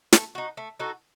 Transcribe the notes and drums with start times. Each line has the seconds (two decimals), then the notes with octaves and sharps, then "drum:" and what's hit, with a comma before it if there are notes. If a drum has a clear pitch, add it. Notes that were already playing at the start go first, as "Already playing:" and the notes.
0.13 A3, drum: snare
0.35 D#4 F#4
0.57 A3
0.79 D#4 F#4 A4